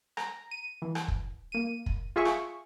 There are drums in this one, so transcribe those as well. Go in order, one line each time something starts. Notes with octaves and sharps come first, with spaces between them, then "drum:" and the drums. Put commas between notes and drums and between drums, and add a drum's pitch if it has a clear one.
A#5, drum: rim click
D#7
E3
drum: rim click
drum: kick
A#3 D#7
drum: kick
F4 G#4 E5 C#6
drum: rim click